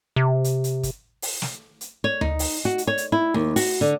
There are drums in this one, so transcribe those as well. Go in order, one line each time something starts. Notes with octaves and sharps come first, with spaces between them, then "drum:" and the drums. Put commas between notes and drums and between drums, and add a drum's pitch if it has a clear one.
C3
drum: hi-hat
drum: hi-hat
drum: kick, hi-hat
drum: open hi-hat
drum: snare
drum: hi-hat
C#5
D#4, drum: tom D2
drum: open hi-hat
F#4
drum: hi-hat
C#5
drum: hi-hat
E4
D#2
F#4, drum: open hi-hat
D3